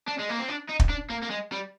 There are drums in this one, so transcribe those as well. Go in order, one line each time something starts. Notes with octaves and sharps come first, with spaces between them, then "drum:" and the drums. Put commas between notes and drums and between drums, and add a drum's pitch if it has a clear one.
D4
G#3
A#3
C4
D4
D#4
drum: kick
D4
A#3
A#3
G#3
G3